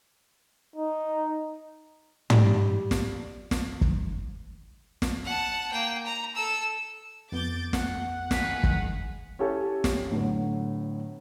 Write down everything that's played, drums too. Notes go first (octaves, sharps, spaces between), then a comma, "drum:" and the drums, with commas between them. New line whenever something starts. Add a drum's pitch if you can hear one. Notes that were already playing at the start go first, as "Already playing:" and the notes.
D#4
G3, drum: tom
drum: snare
drum: snare
drum: kick
drum: snare
F#5 A5
A#3 G5
A#5
A4 E6
F2 B3 D6 G6 A6
A3 F#5, drum: snare
D#3 G#4 B4 F5, drum: snare
drum: kick
C#4 E4 G4 A4 C#5
drum: snare
A2 D3 F#3 B3